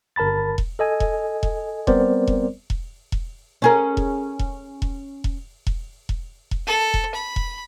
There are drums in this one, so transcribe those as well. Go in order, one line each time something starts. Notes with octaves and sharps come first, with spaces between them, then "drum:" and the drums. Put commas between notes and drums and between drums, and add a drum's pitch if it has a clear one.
G1 A#4 A5 B5 A6
drum: kick E1
A4 D#5 G#5
drum: kick E1
drum: kick E1
G3 B3 C4 A#4 C5 D5, drum: kick E1
drum: kick E1
drum: kick E1
drum: kick E1
C#4 G#4 A#4
drum: kick E1
drum: kick E1
drum: kick E1
drum: kick E1
drum: kick E1
drum: kick E1
drum: kick E1
A4
drum: kick E1
B5
drum: kick E1